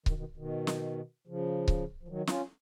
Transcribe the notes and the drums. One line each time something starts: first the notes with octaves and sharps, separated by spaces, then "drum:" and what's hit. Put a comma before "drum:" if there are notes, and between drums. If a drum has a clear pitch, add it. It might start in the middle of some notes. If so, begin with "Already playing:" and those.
B2 D#3, drum: kick C#1
B2 D#3
B2 D#3
drum: snare
C#3 F3
drum: kick C#1
F3
D#3 F#3
C#4 F4, drum: snare